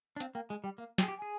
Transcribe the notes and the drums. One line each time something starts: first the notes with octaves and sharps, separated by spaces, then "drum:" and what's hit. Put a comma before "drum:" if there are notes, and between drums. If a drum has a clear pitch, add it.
D4
C4 F5, drum: hi-hat
A#3 G5
G#3 G#5
G3 G5
A#3 F5
G5, drum: snare
G#4
G4
G#4 G#5